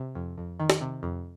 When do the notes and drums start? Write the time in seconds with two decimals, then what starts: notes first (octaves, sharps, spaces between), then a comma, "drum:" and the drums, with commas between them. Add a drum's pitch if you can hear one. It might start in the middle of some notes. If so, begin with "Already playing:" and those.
Already playing: C3
0.15 F2
0.38 F2
0.60 D#3
0.70 drum: snare
0.81 C3
1.03 F2